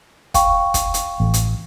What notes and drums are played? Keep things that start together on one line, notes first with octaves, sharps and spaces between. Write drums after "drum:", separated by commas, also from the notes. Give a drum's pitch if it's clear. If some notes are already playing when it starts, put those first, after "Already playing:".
F5 G5 C#6, drum: kick, hi-hat
drum: kick, hi-hat
drum: hi-hat
A1
drum: hi-hat